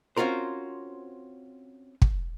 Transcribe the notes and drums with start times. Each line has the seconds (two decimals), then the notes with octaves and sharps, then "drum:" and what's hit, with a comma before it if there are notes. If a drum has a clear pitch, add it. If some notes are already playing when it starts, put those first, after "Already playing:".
0.17 C4 C#4 F4 F#4 A#4 C5
2.02 drum: kick